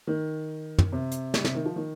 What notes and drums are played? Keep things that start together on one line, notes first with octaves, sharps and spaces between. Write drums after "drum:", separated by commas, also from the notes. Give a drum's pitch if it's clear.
D#3
drum: tom
C3
drum: hi-hat
G3, drum: snare
C3, drum: snare
D#3
F3
D#3